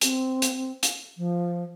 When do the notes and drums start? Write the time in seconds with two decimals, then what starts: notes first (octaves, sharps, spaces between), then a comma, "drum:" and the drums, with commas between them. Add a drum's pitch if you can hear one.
0.01 C4, drum: hi-hat
0.42 drum: hi-hat
0.83 drum: hi-hat
1.18 F3